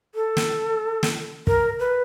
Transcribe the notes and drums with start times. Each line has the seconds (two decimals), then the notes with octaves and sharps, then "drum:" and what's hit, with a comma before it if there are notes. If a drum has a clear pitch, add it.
0.15 A4
0.37 drum: snare
1.03 drum: snare
1.47 A#4, drum: kick
1.80 B4